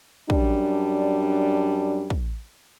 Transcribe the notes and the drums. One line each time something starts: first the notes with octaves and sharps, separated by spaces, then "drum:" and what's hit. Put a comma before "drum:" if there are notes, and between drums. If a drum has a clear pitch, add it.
F#2 G3 D4, drum: kick
drum: kick